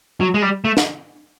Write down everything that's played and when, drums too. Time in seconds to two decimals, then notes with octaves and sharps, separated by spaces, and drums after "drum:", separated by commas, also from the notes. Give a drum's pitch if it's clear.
0.21 F#3
0.34 G#3
0.42 G3
0.65 A3
0.77 drum: snare